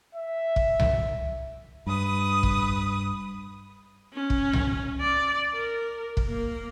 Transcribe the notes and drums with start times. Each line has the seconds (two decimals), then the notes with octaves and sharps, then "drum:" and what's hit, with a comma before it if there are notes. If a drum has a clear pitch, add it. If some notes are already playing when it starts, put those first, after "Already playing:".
0.15 E5
0.56 drum: kick
0.80 drum: tom C2
1.87 G2 B4 D#6
2.43 drum: kick
4.13 C#4
4.30 drum: kick
4.53 drum: tom C2
5.00 D5
5.54 A#4
6.17 drum: kick
6.28 A#3